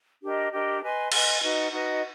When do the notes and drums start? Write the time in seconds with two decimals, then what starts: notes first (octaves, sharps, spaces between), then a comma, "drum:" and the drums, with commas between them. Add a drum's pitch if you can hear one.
0.22 D4 G4 A#4 D#5
0.52 D4 G4 A#4 D#5
0.82 B4 D#5 G#5 C6
1.12 B4 D#5 G#5 C6, drum: cymbal
1.41 D#4 F#4 B4 D#5
1.72 D#4 F#4 B4 D#5